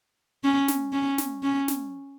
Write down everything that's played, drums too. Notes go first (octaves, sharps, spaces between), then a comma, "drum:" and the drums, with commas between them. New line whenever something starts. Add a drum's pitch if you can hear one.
C#4
drum: snare
C#4
drum: snare
C#4
drum: snare